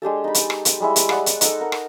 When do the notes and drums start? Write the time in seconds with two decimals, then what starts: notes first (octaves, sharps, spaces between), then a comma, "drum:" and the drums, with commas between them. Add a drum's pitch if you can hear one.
0.02 G#3 D4 G4 A4
0.24 D#4 B5
0.34 drum: hi-hat
0.50 drum: rim click
0.65 drum: hi-hat
0.80 G3 G#3 E4
0.96 drum: hi-hat
1.09 D5 F#5 D#6, drum: rim click
1.26 drum: hi-hat
1.41 D#4 A4, drum: hi-hat
1.61 A#4 F#5
1.72 drum: rim click